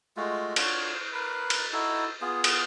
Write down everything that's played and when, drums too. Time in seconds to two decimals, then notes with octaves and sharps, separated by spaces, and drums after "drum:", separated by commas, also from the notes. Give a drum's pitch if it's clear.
0.17 G#3 A3 F4 F#4
0.56 D4 F4 F#4 C#5, drum: cymbal
0.94 C5
1.13 A#4 B4 B5
1.50 drum: cymbal
1.73 D#4 E4 F#4 A4
2.21 B3 F4 G#4
2.44 drum: cymbal